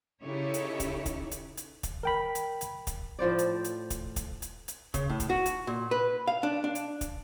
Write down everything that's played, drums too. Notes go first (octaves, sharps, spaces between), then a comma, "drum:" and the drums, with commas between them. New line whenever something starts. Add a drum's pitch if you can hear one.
C#3 D#4 E4 G4 A4 C#5
drum: hi-hat
drum: kick, hi-hat
drum: kick, hi-hat
drum: hi-hat
drum: hi-hat
drum: kick, hi-hat
A#4 G5 B5
drum: hi-hat
drum: hi-hat
drum: kick, hi-hat
A2 F3 C5 D5
drum: hi-hat
drum: hi-hat
drum: kick, hi-hat
drum: kick, hi-hat
drum: hi-hat
drum: hi-hat
C#3, drum: kick, hi-hat
A2
drum: kick, hi-hat
F#4
drum: hi-hat
A#2
B4
F5
D4
D4
drum: hi-hat
drum: kick, hi-hat